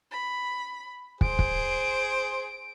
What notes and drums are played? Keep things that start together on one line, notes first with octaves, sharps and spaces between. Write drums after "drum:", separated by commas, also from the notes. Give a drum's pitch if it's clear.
B5
G#4 C5 D7, drum: kick
drum: kick